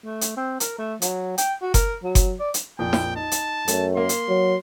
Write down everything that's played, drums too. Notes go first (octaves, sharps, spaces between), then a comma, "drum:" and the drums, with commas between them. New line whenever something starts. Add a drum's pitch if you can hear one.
A3
drum: hi-hat
C4
A#4, drum: hi-hat
A3
F#3, drum: hi-hat
G5, drum: hi-hat
F#4
A#4, drum: kick F#1, hi-hat
F#3
drum: kick F#1, hi-hat
D5
drum: hi-hat
A#1 F2 A#2 G5
drum: snare
D#4 A5
drum: hi-hat
F#2 A3, drum: hi-hat
A#3 C6
drum: hi-hat
F#3